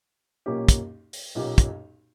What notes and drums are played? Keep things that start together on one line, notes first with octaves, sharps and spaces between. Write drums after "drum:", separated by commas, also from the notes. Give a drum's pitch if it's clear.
B1 A#2 A#3 C#4 G4
drum: kick, hi-hat
drum: open hi-hat
B1 A#2 A#3 C#4 G4
drum: kick, hi-hat